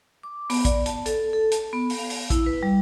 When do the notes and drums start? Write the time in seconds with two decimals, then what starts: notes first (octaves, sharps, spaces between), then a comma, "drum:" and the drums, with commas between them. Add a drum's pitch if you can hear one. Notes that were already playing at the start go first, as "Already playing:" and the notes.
0.23 D6
0.50 B3, drum: open hi-hat
0.65 D5, drum: kick, hi-hat
0.86 A5, drum: hi-hat
1.06 A4, drum: hi-hat
1.33 A4
1.52 A5, drum: hi-hat
1.73 B3
1.90 drum: open hi-hat
1.99 F5
2.10 drum: open hi-hat
2.30 E4, drum: kick, hi-hat
2.46 B4
2.63 G3